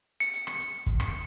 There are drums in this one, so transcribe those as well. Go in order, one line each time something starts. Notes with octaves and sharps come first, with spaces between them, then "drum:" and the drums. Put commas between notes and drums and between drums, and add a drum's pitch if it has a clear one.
C#7, drum: hi-hat
drum: hi-hat
drum: rim click
drum: hi-hat
drum: kick, hi-hat
drum: rim click